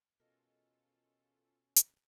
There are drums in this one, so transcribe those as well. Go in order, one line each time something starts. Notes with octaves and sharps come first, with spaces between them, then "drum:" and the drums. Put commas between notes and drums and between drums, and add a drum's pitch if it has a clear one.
B2 E3 G#3 C#4 F4 A4 A#4
drum: hi-hat